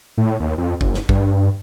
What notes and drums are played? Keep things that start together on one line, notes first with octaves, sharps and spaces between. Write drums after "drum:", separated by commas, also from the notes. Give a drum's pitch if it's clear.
A2
D#2
F2
F#1, drum: kick
drum: snare
G2, drum: kick